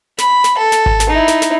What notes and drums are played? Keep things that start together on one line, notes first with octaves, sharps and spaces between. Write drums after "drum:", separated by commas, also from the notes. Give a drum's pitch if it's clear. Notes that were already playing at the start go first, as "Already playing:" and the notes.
B5, drum: snare
drum: snare
A4
drum: snare
drum: kick G#1
drum: snare
D#4 E4
drum: snare
drum: snare